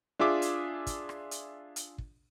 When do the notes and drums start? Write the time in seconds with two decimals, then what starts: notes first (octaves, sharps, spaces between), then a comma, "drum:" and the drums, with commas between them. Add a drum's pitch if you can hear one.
0.19 D4 F4 G#4 E5 D6
0.42 drum: hi-hat
0.87 drum: kick, hi-hat
1.09 drum: rim click
1.31 drum: hi-hat
1.76 drum: hi-hat
1.98 drum: kick